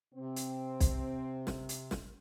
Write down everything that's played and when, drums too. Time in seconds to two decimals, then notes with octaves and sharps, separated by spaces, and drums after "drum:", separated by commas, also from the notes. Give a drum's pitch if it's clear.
0.14 C3 C4
0.36 drum: hi-hat
0.80 drum: kick B1, hi-hat
1.47 drum: snare
1.69 drum: hi-hat
1.91 drum: snare